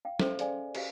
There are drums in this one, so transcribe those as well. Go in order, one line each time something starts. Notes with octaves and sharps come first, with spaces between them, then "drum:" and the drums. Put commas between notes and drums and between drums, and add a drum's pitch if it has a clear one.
F5 G5
C#4 A4 C5 E5 C6, drum: snare
G#4 D5 F5 G#5, drum: hi-hat
F#4 G4 D#5 F5, drum: cymbal